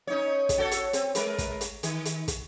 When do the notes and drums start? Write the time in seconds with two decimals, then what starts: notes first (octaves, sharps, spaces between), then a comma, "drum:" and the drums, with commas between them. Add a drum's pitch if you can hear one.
0.07 C#4 D#4 C#5
0.49 drum: kick, hi-hat
0.58 F#4 A4 C#5
0.71 drum: hi-hat
0.93 C4, drum: hi-hat
1.15 G#3 A#4 B4, drum: hi-hat
1.38 drum: kick, hi-hat
1.61 drum: hi-hat
1.83 D#3, drum: hi-hat
2.05 drum: hi-hat
2.28 drum: kick, hi-hat